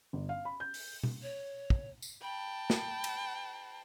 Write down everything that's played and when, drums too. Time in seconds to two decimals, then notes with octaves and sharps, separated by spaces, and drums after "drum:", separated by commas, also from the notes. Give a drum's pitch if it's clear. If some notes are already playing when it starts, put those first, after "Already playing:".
0.13 G1
0.29 F5
0.45 B5
0.60 G6
0.74 drum: open hi-hat
1.03 drum: tom B2
1.22 C#5
1.70 drum: kick
2.02 drum: tambourine
2.22 G5 A5 B5
2.70 drum: snare
3.04 drum: cymbal